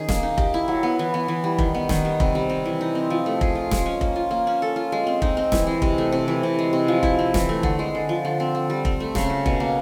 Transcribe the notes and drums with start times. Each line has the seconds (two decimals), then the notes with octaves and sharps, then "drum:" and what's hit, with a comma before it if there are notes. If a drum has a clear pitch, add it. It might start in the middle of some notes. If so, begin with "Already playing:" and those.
Already playing: D#3 C#4 G#4
0.09 A#3, drum: snare
0.23 D#4
0.38 G4, drum: kick F1
0.54 E4
0.68 F#3
0.83 B3
0.99 E3
1.14 B3
1.28 E3
1.44 G3
1.59 D#3, drum: kick F1
1.74 B3
1.89 D#3, drum: snare
2.05 G3
2.20 C3, drum: kick F1
2.35 G3
2.50 C3
2.66 E3
2.81 D#4
2.95 C4
3.10 F3
3.26 A3
3.41 G#4, drum: kick F1
3.55 F4
3.71 G#3, drum: snare
3.86 C#4
4.01 A#3, drum: kick F1
4.16 F4
4.31 A#3
4.47 C#4
4.62 A4
4.76 F4
4.92 G#3
5.07 C4
5.22 D#4, drum: kick F1
5.37 C4
5.52 E3, drum: snare
5.67 G#3
5.82 C3, drum: kick F1
5.98 A3
6.12 C3
6.28 E3
6.43 C3
6.59 G#3
6.73 C3
6.88 F3
7.03 E4, drum: kick F1
7.19 C4
7.34 E3, drum: snare
7.49 A3
7.63 D3, drum: kick F1
7.79 G#3
7.95 D3
8.09 F3
8.25 D3
8.40 C4
8.55 D3
8.70 G3
8.85 C4, drum: kick F1
9.00 A3
9.15 C#3, drum: snare
9.30 F#3
9.46 B2, drum: kick F1
9.60 A#3